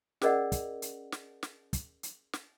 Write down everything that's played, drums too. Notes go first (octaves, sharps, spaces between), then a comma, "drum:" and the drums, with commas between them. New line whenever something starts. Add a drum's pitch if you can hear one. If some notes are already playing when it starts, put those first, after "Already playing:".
C#4 G#4 A#4 D5 D#5 F#5, drum: snare
drum: kick, hi-hat
drum: hi-hat
drum: snare
drum: snare
drum: kick, hi-hat
drum: hi-hat
drum: snare